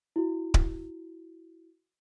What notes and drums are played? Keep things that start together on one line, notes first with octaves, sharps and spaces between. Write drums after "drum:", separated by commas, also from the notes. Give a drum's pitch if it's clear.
E4 F#4
drum: kick D1